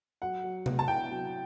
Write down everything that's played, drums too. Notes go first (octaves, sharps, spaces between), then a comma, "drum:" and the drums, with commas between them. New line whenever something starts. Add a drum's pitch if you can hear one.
F#3 F#5
F#3
B3, drum: tom C3
A5
E4 G5
F#3